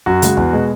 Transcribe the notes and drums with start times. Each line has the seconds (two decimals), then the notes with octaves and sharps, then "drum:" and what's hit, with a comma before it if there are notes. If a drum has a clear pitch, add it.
0.06 F#2 F#4
0.22 C#3 G#3, drum: hi-hat
0.37 E2, drum: kick
0.53 B2 G#3